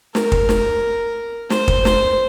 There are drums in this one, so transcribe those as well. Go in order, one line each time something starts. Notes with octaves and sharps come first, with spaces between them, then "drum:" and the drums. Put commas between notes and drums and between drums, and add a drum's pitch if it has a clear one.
A#4, drum: snare
drum: kick
drum: snare
C5, drum: snare
drum: kick
C5, drum: snare